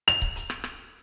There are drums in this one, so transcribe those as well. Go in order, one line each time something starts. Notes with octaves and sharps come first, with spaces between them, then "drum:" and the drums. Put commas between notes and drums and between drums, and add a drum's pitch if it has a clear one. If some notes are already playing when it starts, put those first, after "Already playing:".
F7, drum: rim click
drum: kick C#1
drum: hi-hat
drum: rim click
drum: rim click